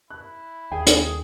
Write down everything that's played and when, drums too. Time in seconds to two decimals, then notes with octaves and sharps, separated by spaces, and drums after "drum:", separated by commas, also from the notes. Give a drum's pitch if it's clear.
0.10 E4 F#6
0.71 D#2 G#4 G5
0.87 drum: hi-hat